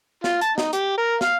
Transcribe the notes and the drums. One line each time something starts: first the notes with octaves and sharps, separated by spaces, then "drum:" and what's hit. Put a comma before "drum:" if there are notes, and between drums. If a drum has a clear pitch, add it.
F4, drum: snare
A5, drum: hi-hat
D#4, drum: snare
G4, drum: hi-hat
A#4
F5, drum: snare